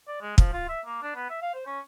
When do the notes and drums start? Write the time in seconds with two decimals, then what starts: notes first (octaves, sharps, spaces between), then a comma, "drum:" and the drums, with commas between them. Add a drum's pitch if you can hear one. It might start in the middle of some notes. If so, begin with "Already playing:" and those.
0.07 D5
0.21 G#3
0.38 F3, drum: kick
0.53 F4
0.68 E5
0.86 A#3
1.03 D4
1.15 B3
1.30 E5
1.42 F5
1.55 C5
1.67 C#4